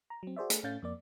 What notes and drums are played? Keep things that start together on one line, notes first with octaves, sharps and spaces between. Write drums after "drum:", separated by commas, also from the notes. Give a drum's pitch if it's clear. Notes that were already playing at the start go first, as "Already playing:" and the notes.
A#5
F#3 C4
F#4 G#4 C5 D5 E5
A3 G#4, drum: hi-hat
A2 A3 C#4 F5 G6 A6
F2 A#3 D5